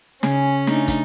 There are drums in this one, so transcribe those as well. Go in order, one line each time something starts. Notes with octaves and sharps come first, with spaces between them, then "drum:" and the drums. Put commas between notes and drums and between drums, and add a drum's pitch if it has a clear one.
C#3 C#4, drum: snare
A3 D4 D#4, drum: snare
drum: kick, hi-hat